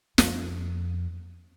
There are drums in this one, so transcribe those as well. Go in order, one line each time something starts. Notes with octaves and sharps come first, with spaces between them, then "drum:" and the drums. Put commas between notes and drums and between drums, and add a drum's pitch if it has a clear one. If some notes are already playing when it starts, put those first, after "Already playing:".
F2, drum: snare